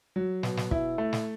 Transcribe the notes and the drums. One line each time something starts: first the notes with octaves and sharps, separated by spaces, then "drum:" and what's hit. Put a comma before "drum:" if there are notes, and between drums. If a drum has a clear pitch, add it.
F#3
B2, drum: snare
drum: snare
E4, drum: kick
A3
drum: snare